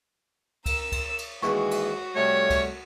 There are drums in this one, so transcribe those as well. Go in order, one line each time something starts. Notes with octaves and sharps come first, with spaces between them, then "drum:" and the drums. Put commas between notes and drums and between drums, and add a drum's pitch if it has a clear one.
A#4 E6, drum: kick C#2, cymbal
drum: kick C#2, cymbal
drum: cymbal
D#2 E3 G#3 F#4 C#6, drum: snare
drum: cymbal
C3 G3 A3 C#5
drum: kick C#2, cymbal